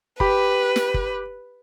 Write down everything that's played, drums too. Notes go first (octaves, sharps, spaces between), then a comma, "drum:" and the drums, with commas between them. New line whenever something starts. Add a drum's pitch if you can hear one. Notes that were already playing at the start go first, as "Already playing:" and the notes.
G4 B4 B5, drum: kick
drum: snare
drum: kick